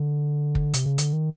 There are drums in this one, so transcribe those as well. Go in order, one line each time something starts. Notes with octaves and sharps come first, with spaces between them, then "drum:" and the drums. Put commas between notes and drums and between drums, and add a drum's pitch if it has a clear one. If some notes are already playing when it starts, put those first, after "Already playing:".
Already playing: D3
drum: kick
C3, drum: hi-hat
C#3
D3, drum: hi-hat
D#3